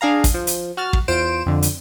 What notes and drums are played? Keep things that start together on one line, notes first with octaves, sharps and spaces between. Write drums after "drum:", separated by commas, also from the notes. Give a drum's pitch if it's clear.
D4 G#4 F5 A#5
drum: kick, hi-hat
F3
drum: hi-hat
F#4 F6 A6
drum: kick
E2 F4 C5 D7 E7
F2 D3
drum: hi-hat